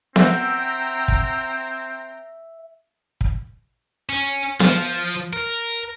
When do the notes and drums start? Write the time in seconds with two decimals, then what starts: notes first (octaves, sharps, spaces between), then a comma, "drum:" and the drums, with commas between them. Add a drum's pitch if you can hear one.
0.16 C4 E5 F#5 G5 A#5, drum: snare B3
1.08 drum: kick
3.21 drum: kick
4.09 C#4
4.60 F3, drum: snare B3
5.33 A#4